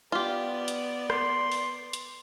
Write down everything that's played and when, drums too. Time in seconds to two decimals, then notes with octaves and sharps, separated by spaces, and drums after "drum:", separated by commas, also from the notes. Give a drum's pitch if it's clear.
0.12 B3 F4 G4 D5
0.68 drum: hi-hat
1.10 C6, drum: rim click
1.52 drum: open hi-hat
1.93 drum: hi-hat